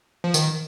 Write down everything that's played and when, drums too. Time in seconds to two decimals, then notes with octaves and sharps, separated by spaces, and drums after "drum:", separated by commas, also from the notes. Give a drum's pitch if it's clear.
0.24 F3
0.34 D#3, drum: tambourine